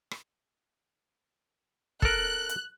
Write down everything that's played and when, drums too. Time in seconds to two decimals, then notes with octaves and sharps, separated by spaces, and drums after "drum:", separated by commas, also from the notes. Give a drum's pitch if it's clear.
0.11 drum: rim click
2.02 A4 A#4 F#6, drum: kick
2.49 drum: hi-hat